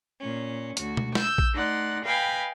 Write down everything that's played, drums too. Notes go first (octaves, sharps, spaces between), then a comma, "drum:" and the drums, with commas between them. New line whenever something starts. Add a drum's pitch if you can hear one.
A#2 C#4
D2 F#4, drum: hi-hat
drum: tom B2
E6 G6, drum: snare
drum: kick A#1
A3 D#4 D5 F#5 C6
B4 D#5 F5 G5 G#5 B5